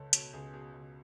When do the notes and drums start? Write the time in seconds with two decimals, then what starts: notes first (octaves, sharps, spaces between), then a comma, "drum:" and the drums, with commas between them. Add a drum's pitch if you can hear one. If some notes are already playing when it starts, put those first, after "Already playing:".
Already playing: C#2 C#3 A4 C#5
0.13 B2 A4 C#5, drum: hi-hat
0.33 C#2 G#4
0.53 B2 G#4
0.74 C#2